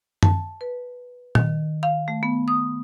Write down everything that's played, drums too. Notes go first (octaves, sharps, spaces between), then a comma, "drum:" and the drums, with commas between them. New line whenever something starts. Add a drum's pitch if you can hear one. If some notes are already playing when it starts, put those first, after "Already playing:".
A5, drum: tom F#2
B4
D#3, drum: tom A#2
F5
A3
B3
D#6